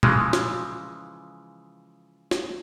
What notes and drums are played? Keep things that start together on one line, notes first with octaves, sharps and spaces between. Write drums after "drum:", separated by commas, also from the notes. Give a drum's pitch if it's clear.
C#3 E3 F3 G#3, drum: tom
drum: snare
drum: snare